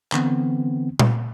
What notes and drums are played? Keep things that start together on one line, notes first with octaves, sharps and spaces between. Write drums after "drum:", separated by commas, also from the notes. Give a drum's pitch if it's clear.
D3 E3 B3 C4, drum: clap
drum: tom A#2